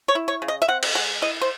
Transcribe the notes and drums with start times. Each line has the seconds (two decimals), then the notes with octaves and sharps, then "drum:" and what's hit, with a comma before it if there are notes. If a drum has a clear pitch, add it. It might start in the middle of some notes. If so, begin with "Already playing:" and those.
0.08 C#5
0.15 E4
0.28 C#5
0.42 C#3
0.48 D#5
0.62 E5
0.68 C4 F#5
0.83 drum: cymbal
0.95 G#3 F#5
1.22 E4 D#5
1.41 C5